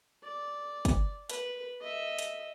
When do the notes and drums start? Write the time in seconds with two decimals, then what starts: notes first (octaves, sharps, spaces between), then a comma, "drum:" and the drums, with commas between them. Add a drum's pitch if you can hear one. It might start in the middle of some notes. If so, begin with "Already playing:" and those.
0.23 D5
0.85 drum: kick, hi-hat
1.30 B4, drum: hi-hat
1.81 D#5 E5
2.19 drum: hi-hat